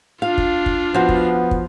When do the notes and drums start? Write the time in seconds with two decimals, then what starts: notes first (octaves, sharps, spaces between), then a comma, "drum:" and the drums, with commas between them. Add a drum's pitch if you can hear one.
0.22 D4 F4 F5
0.38 drum: kick
0.66 drum: kick
0.94 F3 B3 F#4
1.09 drum: kick
1.51 drum: kick